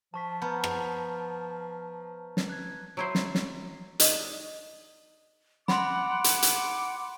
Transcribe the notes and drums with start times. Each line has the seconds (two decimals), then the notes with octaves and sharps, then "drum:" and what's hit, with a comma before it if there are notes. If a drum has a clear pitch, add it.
0.14 F3 A5 C#6 B6
0.42 B3 A#5 F6 G6
0.64 drum: rim click
2.37 drum: snare
2.49 F#6 G#6
2.97 F#3 E4 C5
3.15 drum: snare
3.35 drum: snare
4.00 D4 D#4, drum: hi-hat
5.68 F#5 B5 C6 D6, drum: snare
6.24 drum: hi-hat
6.42 drum: hi-hat